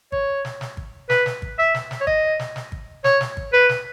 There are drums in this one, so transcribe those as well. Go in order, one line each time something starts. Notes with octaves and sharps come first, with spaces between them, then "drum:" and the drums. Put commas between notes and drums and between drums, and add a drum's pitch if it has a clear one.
C#5, drum: kick G#1
drum: snare
drum: snare
drum: kick G#1
B4, drum: snare
drum: snare
drum: kick G#1
E5
drum: snare
drum: snare
C#5
D#5, drum: kick G#1
drum: snare
drum: snare
drum: kick G#1
C#5, drum: snare
drum: snare
drum: kick G#1
B4
drum: snare